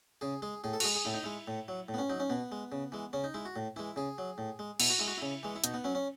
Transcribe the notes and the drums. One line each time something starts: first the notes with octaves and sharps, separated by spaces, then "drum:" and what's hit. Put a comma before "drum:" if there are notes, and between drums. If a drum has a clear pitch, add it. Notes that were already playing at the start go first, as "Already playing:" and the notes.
C#3 G#4
G#3 G#4
A2 G#4
A4
F#4, drum: cymbal
G#3 G#4
G#4
A2 E4
D#4
G#3 E4
A2
F#3
A2
B3
C#4
F#3 D#4
C#4
B2 B3
G#3
C#3
E3 G#3
C#3 C#4
D#4
G#3 E4
F#4
A2
E3 G#3 E4
C#3 G#4
F#3
A2
G#3
B2 E4, drum: cymbal
F#4
G#3 E4
F#4
C#3 E4
E3 G#3
E4
B2 D#4, drum: hi-hat
B3
F#3 C#4
C#4